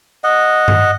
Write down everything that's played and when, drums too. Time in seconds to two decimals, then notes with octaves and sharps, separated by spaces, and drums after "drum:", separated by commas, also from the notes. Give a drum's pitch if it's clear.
0.24 D#5 F#5
0.68 drum: tom G2